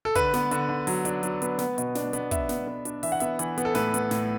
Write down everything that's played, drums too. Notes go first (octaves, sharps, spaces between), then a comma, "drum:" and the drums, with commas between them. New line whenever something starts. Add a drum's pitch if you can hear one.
A4
D3 B4, drum: kick, hi-hat
B3, drum: snare
D3, drum: hi-hat
D3
F#3, drum: open hi-hat
D4, drum: hi-hat
F#3, drum: hi-hat
B3, drum: hi-hat
B3, drum: snare
B2, drum: hi-hat
D4, drum: snare
B3, drum: hi-hat
B3 E5, drum: kick, hi-hat
B3, drum: snare
B3
D4, drum: hi-hat
E3 E5, drum: open hi-hat
F#5
B3 E5, drum: hi-hat
E3, drum: hi-hat
B3, drum: hi-hat
A4
A2 B4, drum: snare
B3, drum: hi-hat
A2, drum: snare